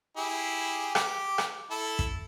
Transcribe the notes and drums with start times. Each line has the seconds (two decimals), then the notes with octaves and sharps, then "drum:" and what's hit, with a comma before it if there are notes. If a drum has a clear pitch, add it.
0.17 E4 G4 G#4
0.95 G4 D6, drum: rim click
1.38 drum: rim click
1.70 E4 A4
1.99 drum: kick